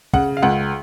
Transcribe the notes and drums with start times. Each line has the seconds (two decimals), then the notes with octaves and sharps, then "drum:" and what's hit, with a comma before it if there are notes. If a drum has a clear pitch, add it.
0.13 C#3 F#5, drum: kick
0.37 F5
0.42 C#2 F#5